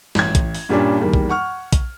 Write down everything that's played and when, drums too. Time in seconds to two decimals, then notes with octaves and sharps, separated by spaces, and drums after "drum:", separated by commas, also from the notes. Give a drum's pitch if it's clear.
0.15 A1 G#6, drum: snare
0.35 drum: kick A#1, hi-hat
0.55 drum: open hi-hat
0.69 G2 A#2 G3 C#4 D4
1.00 E2 D#3 G3 A#3
1.14 drum: kick A#1
1.29 F#5 C#6 F6
1.73 drum: kick A#1, hi-hat